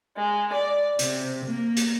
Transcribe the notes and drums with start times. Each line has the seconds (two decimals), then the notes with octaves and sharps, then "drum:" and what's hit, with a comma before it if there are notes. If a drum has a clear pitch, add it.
0.17 G#3
0.52 D5
0.99 C3, drum: hi-hat
1.46 A#3
1.77 drum: hi-hat